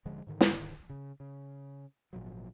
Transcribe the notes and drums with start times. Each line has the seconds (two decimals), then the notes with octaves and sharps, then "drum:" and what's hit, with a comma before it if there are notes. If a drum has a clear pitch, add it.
0.05 D#1 D3 F3 G#3
0.27 G#2 D3 D#3
0.41 drum: snare
0.90 C#3
1.20 C#3
2.13 G#1 A#2 F3 F#3